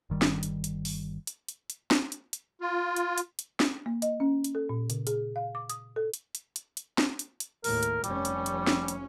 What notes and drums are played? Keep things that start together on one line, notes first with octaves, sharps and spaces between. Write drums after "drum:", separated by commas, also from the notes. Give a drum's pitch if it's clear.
G1 D#3 G3
drum: snare
drum: hi-hat
drum: hi-hat
drum: open hi-hat
drum: hi-hat
drum: hi-hat
drum: hi-hat
drum: snare
drum: hi-hat
drum: hi-hat
F4
drum: hi-hat
drum: hi-hat
drum: hi-hat
drum: snare
A#3
D#5, drum: hi-hat
C#4
drum: hi-hat
A4
A#2
C#3, drum: hi-hat
G#4, drum: hi-hat
F5
D6
D#6, drum: hi-hat
A4
drum: hi-hat
drum: hi-hat
drum: hi-hat
drum: hi-hat
drum: snare
drum: hi-hat
drum: hi-hat
D#2 A2 A#4, drum: open hi-hat
drum: hi-hat
F1 G3 C#4, drum: hi-hat
drum: hi-hat
drum: hi-hat
drum: snare
drum: hi-hat